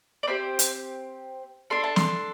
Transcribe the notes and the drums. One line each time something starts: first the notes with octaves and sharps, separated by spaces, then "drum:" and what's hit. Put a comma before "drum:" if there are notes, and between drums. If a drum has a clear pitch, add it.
D5
C4 G4 C5
drum: hi-hat
D4 A4 C6
A5
C6, drum: snare